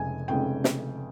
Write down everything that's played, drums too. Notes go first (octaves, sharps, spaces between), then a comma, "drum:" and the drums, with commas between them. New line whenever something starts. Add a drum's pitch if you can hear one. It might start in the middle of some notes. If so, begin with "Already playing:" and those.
Already playing: F1 F2 C#3 G#3 G#5
F1 F2 C#3 G#3 G5
drum: snare